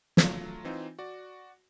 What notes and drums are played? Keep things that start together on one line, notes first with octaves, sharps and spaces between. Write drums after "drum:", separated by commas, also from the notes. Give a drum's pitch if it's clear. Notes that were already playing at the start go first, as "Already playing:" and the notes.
F#3 A3 F4, drum: snare
E3 C4 D#4 F4
F#4 D5